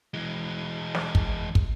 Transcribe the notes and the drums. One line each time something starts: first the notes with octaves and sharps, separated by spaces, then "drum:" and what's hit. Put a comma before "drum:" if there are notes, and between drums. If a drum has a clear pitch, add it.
E3 G#3
drum: snare
drum: kick
drum: kick